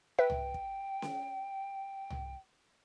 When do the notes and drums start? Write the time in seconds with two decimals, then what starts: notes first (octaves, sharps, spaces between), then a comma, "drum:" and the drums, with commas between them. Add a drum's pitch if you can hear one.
0.19 B4 E5 G5
0.30 drum: tom C2
0.54 drum: kick
1.02 drum: snare C#4
2.10 drum: tom C2